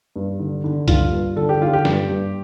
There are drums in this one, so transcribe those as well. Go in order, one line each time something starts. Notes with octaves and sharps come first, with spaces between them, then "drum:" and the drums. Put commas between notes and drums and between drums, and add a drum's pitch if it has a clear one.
G2
D3
D3
G2 F4, drum: kick C2, hi-hat
G2
D3 A4
G4
D3 F4
G4
G2, drum: snare
G2